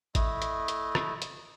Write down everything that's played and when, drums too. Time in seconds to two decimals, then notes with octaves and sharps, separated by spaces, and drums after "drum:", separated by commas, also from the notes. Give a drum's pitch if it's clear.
0.15 A3 E4 D#5, drum: kick G#1, hi-hat
0.42 drum: hi-hat
0.68 drum: hi-hat
0.95 drum: rim click
1.22 drum: hi-hat